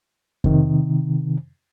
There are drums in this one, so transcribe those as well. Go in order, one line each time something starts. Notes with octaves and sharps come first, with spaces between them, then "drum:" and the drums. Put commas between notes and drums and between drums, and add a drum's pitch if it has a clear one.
C3 D#3, drum: kick F2